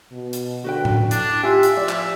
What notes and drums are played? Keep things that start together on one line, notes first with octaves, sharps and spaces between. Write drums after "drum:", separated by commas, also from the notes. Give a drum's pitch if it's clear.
B2
drum: hi-hat
D3 F#4 B4 G5
drum: tom A2
D4 E4, drum: hi-hat
F4 G4 E5 G#5
drum: hi-hat
F3 D5
drum: clap